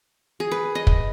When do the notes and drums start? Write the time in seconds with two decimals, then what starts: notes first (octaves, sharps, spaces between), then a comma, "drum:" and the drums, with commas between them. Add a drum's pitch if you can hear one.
0.40 G#4
0.51 B4
0.75 D#5
0.87 drum: kick